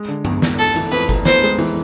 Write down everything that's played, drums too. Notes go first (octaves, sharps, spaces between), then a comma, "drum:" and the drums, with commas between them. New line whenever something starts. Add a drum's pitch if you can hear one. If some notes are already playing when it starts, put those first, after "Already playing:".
Already playing: G#3
D3
E2, drum: tom G2
E1, drum: snare
F1 A4
E3, drum: hi-hat
F2 B4, drum: hi-hat
F1, drum: kick G1, hi-hat
B3 C5, drum: snare
G#3, drum: hi-hat
E3, drum: hi-hat